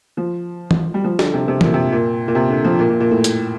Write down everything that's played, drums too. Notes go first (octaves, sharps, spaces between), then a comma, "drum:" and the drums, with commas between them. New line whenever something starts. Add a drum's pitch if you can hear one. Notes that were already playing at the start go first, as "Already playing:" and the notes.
F3
drum: tom E3
G3
F3
D3, drum: snare
C3
C3
A#2, drum: tom E3
C3
A#2
A#2
C3
D3
F3
A#2
A#2
A#2
A2
drum: hi-hat